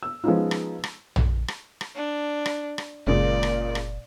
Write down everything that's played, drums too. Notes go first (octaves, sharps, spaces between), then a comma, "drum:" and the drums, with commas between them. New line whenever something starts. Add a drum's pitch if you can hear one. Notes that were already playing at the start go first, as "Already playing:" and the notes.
E6
F3 G#3 B3 C#4 D#4 F4
drum: rim click
drum: rim click
drum: tom A#1
drum: rim click
drum: rim click
D4
drum: rim click
drum: rim click
F#1 A#2 C#3 G#3 D5
drum: rim click
drum: rim click